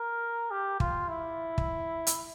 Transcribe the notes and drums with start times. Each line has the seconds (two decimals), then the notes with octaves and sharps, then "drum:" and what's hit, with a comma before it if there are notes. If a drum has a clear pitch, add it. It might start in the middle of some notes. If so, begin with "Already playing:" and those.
Already playing: A#4
0.51 G4
0.80 F4, drum: kick
1.08 E4
1.58 drum: kick
2.07 drum: hi-hat